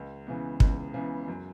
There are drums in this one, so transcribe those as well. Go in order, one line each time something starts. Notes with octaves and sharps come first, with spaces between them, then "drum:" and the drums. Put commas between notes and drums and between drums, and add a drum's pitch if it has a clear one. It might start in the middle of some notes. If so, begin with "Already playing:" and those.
Already playing: C#2
C#3 E3 B3
C#2, drum: kick
C#3 E3 B3
F#2